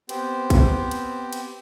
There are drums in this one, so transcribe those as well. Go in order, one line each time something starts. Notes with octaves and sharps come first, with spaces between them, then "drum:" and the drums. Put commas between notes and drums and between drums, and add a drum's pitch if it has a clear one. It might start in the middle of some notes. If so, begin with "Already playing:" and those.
B3 C4 G4 C5, drum: cymbal
drum: kick, cymbal
drum: cymbal
drum: cymbal